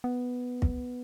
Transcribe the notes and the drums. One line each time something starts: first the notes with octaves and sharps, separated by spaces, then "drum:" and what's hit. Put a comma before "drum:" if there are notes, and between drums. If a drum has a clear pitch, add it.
B3
drum: kick